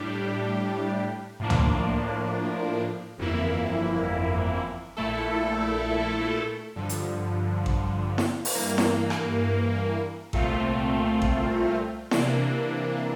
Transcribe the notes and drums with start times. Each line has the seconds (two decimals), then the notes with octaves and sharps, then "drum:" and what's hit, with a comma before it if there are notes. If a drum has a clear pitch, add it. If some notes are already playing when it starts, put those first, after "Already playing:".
Already playing: A2 G3 D4 G4
1.40 A2 F3 A#3 D4
1.50 drum: tom
3.18 G1 F2 E3 A#3 E4
4.97 A#1 A#2 A3 E4 A4
6.76 G2 D3 F3
6.89 drum: hi-hat
7.66 drum: kick A1
8.18 drum: snare E4
8.45 drum: open hi-hat
8.55 G2 E3 A#3
8.78 drum: snare E4
9.10 drum: rim click
10.33 C2 A#2 A3 C4 F4, drum: kick A1
11.22 drum: kick A1
12.11 C3 E3 A#3 D4, drum: snare E4